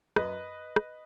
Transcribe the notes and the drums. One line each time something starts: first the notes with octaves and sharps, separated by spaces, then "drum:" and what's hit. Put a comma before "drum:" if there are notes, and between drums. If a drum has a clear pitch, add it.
F#2 B4 D#5, drum: rim click
drum: rim click